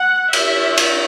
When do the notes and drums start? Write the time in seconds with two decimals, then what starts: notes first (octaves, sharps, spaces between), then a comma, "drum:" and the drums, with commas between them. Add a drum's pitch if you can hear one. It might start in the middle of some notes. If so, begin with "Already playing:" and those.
Already playing: F#5
0.33 E5, drum: cymbal
0.78 drum: cymbal